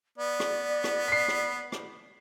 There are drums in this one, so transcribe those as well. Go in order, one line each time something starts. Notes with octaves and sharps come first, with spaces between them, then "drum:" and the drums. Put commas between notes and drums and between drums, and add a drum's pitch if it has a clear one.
B3 D5
drum: rim click
drum: rim click
B6 C7
drum: rim click
drum: rim click